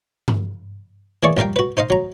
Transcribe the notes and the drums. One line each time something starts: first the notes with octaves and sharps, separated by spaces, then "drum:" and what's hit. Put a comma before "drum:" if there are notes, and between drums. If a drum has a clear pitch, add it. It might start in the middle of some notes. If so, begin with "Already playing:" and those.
drum: tom G2
E3 A#3 G#4 D5 C#6
A#1 G3 A#4 F5 G5
F#4 B4
D#4 C5 D#5 F5
F#3 A#5